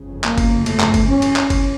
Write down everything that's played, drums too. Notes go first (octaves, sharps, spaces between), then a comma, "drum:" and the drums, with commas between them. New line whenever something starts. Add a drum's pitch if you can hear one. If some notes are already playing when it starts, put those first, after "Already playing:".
Already playing: G1 F2 C#3
A#3, drum: clap
drum: kick F#1, cymbal
A3, drum: cymbal
drum: clap
drum: kick F#1, cymbal
C#4
drum: cymbal
drum: clap
drum: kick F#1, cymbal